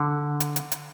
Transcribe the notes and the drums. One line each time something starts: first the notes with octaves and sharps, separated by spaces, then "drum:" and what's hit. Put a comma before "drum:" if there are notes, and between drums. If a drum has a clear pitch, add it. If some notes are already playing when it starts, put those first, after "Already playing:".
Already playing: D3
drum: hi-hat
drum: hi-hat
drum: hi-hat